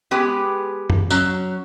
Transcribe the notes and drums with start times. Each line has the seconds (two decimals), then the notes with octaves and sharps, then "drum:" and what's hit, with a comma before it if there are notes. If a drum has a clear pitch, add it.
0.11 G#3 B3 G4 B4
0.90 drum: tom F#2
1.10 F#3 C#4, drum: tambourine